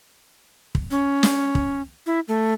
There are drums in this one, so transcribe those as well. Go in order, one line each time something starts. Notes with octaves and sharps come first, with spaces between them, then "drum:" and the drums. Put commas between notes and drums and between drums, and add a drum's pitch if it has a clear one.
drum: kick
C#4
drum: snare
drum: kick
E4
A3